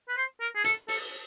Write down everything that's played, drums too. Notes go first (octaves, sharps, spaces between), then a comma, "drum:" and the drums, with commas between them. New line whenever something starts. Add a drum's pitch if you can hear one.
B4
C5
A#4
G#4
A4, drum: hi-hat
A4, drum: open hi-hat